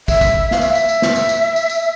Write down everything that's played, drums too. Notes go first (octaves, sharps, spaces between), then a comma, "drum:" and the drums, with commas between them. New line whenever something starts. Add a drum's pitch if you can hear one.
E5, drum: kick, tambourine
drum: kick, tambourine
F5, drum: snare
E5, drum: tambourine
drum: tambourine
drum: tambourine
drum: snare
drum: tambourine
drum: tambourine
drum: tambourine
drum: tambourine